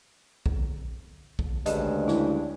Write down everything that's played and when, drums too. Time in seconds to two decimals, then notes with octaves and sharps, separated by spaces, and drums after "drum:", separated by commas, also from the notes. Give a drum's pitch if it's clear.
0.46 drum: kick A#1
1.39 drum: kick A#1
1.66 D2 G2 C#3 G#3 D#5, drum: hi-hat
2.08 E4, drum: snare G#3